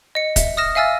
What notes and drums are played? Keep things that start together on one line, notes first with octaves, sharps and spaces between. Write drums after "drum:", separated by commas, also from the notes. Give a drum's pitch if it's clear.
D#5 C#7
E5, drum: kick, hi-hat
D#6 F6 A#6 E7
E5 F5 G#5 E6 F6 A6